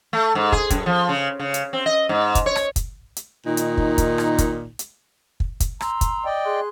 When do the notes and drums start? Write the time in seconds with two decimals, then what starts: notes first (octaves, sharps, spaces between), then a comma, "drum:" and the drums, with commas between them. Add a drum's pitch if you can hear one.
0.13 A3
0.35 G#2
0.52 G#4, drum: kick
0.70 F#2, drum: kick, hi-hat
0.86 F3
1.09 C#3
1.39 C#3
1.54 drum: hi-hat
1.73 C4
1.86 D#5
2.09 G#2
2.35 drum: kick, hi-hat
2.46 C#5
2.56 drum: rim click
2.76 drum: kick, hi-hat
3.17 drum: hi-hat
3.46 A#2 D#3 D#4
3.57 drum: hi-hat
3.77 drum: kick
3.98 drum: kick, hi-hat
4.18 drum: rim click
4.38 drum: kick, hi-hat
4.79 drum: hi-hat
5.40 drum: kick
5.60 drum: kick, hi-hat
5.80 A#5 C6 E6, drum: rim click
6.01 drum: kick, hi-hat
6.25 D5 D#5 G5
6.45 G#4 C6 F#6